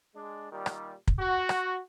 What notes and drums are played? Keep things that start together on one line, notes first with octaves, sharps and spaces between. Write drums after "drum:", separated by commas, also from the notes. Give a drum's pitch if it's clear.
G#3 D4
A#2 D#3 G3
drum: rim click
drum: kick
F#4
drum: rim click